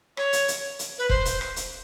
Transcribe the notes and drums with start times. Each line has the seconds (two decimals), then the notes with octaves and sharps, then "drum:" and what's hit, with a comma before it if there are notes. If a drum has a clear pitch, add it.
0.17 C#5, drum: rim click
0.33 drum: hi-hat
0.48 drum: hi-hat
0.79 drum: hi-hat
0.98 B4
1.09 C5, drum: kick E1
1.25 drum: hi-hat
1.41 drum: rim click
1.56 drum: hi-hat